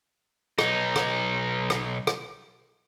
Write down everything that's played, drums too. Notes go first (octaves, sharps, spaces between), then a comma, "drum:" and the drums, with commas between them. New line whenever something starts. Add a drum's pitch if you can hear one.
B1 D#4, drum: rim click
drum: rim click
drum: rim click
drum: rim click